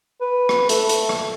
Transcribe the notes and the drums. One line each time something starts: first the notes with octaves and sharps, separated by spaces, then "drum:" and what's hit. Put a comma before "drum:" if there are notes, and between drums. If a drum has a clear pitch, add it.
B4
drum: rim click
A3, drum: hi-hat
drum: hi-hat
drum: rim click